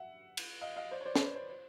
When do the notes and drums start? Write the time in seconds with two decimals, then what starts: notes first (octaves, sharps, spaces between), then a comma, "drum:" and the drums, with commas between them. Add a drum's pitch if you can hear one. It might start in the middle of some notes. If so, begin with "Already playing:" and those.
Already playing: E5 F#5
0.37 drum: cymbal
0.61 D#5 F5
0.76 D#5 F5
0.91 C5 D5
1.01 C#5
1.05 C5 D5
1.15 D5, drum: snare
1.20 B4 C#5
1.35 C5
1.49 C5